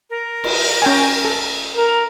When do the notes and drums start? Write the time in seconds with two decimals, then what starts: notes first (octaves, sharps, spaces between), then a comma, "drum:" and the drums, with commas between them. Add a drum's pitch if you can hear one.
0.10 A#4
0.44 drum: cymbal
0.82 C#4 G5 G#5
1.25 A4
1.77 A#4 A#5